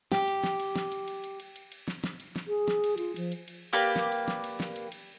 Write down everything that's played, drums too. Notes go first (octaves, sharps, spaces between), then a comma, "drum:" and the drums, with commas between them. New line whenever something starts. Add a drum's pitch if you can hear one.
G4, drum: snare
drum: cymbal
drum: snare
drum: cymbal
drum: snare
drum: cymbal
drum: cymbal
drum: cymbal
drum: cymbal
drum: cymbal
drum: cymbal
drum: snare
drum: snare
drum: cymbal
drum: snare
G#4
drum: snare
drum: cymbal
F4, drum: cymbal
F3, drum: cymbal
drum: cymbal
drum: cymbal
A#3 G4 B4 D5
drum: snare
drum: cymbal
drum: snare
drum: cymbal
drum: snare
drum: cymbal
drum: cymbal